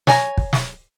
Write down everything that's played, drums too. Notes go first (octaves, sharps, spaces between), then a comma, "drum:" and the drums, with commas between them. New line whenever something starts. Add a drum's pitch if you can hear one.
C#5 G#5 A#5, drum: snare
drum: kick
drum: snare